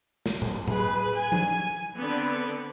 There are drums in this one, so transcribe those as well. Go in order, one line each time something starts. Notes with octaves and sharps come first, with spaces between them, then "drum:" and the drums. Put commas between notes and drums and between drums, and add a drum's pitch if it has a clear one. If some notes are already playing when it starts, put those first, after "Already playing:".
drum: snare
drum: tom A2
G#4 B4, drum: tom A2
G#5
drum: tom F3
D3 B3 C4 B4 D5